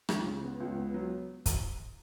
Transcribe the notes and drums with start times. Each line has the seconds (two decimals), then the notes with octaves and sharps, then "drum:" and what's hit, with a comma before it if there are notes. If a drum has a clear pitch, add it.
0.09 C#2, drum: rim click
0.26 C#3
0.43 B3
0.60 C#2
0.77 B3
0.94 F#3
1.46 drum: kick, hi-hat